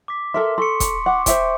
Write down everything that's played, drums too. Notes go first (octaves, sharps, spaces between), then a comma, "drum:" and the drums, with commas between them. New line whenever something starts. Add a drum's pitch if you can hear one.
D6 B6
A4 A#4 E5 C6
A4 C6 C#6 C#7
drum: kick E1, hi-hat
F#5 C#6 D6
C5 E5 G5, drum: kick E1, hi-hat